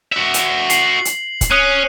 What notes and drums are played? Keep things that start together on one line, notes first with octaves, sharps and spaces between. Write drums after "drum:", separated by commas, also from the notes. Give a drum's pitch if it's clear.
F#4 E5
drum: hi-hat
C7 F#7, drum: hi-hat
drum: hi-hat
drum: kick, hi-hat
C#4 D#6 F#6 D#7